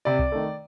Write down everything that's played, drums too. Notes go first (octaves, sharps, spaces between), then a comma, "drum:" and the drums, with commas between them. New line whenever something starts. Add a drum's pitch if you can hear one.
C3 D5
drum: kick C2
D#3 A3